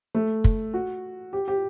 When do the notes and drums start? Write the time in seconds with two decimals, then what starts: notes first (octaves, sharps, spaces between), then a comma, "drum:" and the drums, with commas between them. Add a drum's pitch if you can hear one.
0.15 A3
0.44 drum: kick
0.74 F#4
1.33 G4
1.48 G4